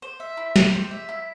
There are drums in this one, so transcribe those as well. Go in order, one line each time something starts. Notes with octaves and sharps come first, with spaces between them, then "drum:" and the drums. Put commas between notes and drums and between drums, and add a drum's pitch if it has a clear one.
C5
E5
E4
G4, drum: snare
C5
E5
E4